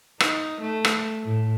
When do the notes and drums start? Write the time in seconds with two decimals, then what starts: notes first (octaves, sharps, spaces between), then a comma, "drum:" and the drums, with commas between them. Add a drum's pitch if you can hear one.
0.20 D#4, drum: rim click
0.61 A3
0.85 drum: rim click
1.24 A2